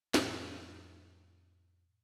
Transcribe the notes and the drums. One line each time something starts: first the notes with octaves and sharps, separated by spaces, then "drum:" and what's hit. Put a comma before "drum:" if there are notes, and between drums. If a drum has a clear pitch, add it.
F2 A2 D#3, drum: snare